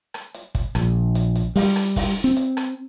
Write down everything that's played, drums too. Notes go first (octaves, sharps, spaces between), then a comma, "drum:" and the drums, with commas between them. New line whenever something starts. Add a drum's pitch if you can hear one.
drum: rim click
drum: hi-hat
drum: kick, hi-hat
A#1, drum: rim click
drum: hi-hat
drum: hi-hat
G3, drum: open hi-hat
drum: rim click
drum: kick, open hi-hat
C4
drum: hi-hat
drum: rim click